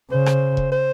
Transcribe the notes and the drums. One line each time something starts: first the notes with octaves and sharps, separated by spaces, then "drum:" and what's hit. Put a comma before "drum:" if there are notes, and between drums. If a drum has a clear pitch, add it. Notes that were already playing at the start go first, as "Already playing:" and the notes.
C#3 C5
drum: rim click
drum: kick E1
C5